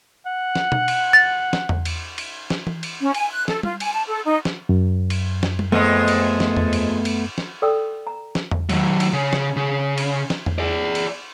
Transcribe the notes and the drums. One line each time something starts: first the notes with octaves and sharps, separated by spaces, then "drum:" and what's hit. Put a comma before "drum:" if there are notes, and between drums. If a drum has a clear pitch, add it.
F#5
drum: snare
drum: tom B2
drum: cymbal
A6
drum: snare
drum: tom E2
drum: cymbal
drum: cymbal
drum: snare
drum: tom E3
drum: cymbal
C#4
G#5, drum: cymbal
F#6
A4, drum: snare
F4, drum: tom G3
G#5, drum: cymbal
A5
A4
D#4
drum: snare
F#2
drum: cymbal
drum: snare
drum: tom G3
F2 G#3 A3 B3
drum: cymbal
drum: snare
drum: tom E2
drum: cymbal
drum: cymbal
drum: snare
A4 D5 G5 D#6 E6
A#5
drum: snare
drum: tom E2
D#3 F#3, drum: cymbal
drum: cymbal
C#3
drum: snare
C#3
drum: cymbal
drum: snare
drum: tom E2
G#4 D5
drum: cymbal